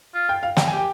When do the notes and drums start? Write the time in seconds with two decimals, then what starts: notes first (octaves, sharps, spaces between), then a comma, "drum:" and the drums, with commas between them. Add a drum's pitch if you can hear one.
0.15 F4
0.29 G5
0.43 F5
0.57 G5, drum: snare
0.68 G4 G#5
0.77 G5